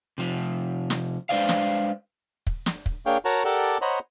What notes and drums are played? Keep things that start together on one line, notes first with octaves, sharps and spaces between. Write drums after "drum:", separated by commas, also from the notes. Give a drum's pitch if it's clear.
C3 F3
drum: snare
G#3 D4 B4 C5 D5 F5
drum: snare
drum: kick
drum: snare
drum: kick
A#3 D4 G#4 C#5 F5 G5
F#4 A#4 C#5 F#5 A5 A#5
G4 A4 A#4 D5 F#5 A5
C5 C#5 D#5 F#5 A#5 B5